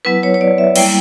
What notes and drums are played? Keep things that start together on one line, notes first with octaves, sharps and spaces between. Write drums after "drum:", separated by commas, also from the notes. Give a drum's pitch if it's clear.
F#3 B3 E4 B4
C#5
C#5
D5
E5
G3 A#3 E4 G5, drum: cymbal